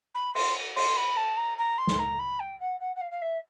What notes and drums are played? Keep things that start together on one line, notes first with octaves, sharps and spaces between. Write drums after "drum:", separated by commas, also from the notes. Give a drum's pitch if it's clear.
B5
C6, drum: cymbal
C6, drum: cymbal
B5
A5
A#5
A#5
C6
drum: snare
A#5
B5
G5
F#5
F#5
F#5
F5
F5
E5